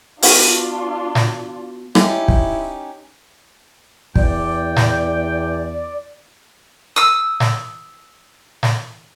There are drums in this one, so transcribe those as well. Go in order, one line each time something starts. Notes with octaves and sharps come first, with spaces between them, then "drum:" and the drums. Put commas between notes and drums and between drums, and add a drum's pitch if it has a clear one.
B3 D4 F4 F#4, drum: open hi-hat
drum: snare
C#4 D#4 E4 G4, drum: rim click
drum: kick
E2 D5 G5, drum: kick
drum: snare
D#6 E6
drum: snare
drum: snare